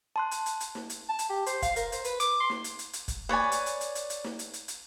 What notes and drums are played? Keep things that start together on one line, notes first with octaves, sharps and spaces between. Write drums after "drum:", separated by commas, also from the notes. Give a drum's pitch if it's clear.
A5 C6 F#6
drum: hi-hat
drum: hi-hat
drum: hi-hat
drum: snare
drum: hi-hat
A5
drum: hi-hat
G4
C5, drum: hi-hat
F5, drum: kick, hi-hat
A#4, drum: hi-hat
C5, drum: hi-hat
B4, drum: hi-hat
D6, drum: hi-hat
C6
drum: snare
drum: hi-hat
drum: hi-hat
drum: hi-hat
drum: kick, hi-hat
B4 C#5 D5 G#5
drum: hi-hat
drum: hi-hat
drum: hi-hat
drum: hi-hat
drum: hi-hat
drum: snare
drum: hi-hat
drum: hi-hat
drum: hi-hat